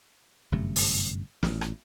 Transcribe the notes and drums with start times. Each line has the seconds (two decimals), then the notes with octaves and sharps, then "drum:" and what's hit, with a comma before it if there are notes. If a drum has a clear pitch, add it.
0.52 G1 F#2 C3 A3
0.76 drum: open hi-hat
1.43 A1 A#2, drum: snare
1.61 drum: rim click